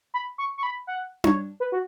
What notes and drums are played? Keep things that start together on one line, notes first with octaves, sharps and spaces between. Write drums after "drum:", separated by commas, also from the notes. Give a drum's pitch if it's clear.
B5
C#6
C#6
B5
F#5
C#5, drum: tom D4
B4
F#4